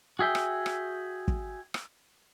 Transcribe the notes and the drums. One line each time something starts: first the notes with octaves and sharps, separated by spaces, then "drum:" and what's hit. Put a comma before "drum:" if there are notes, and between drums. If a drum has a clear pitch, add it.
F#4 G#4 E5 G5
drum: rim click
drum: rim click
drum: kick
drum: rim click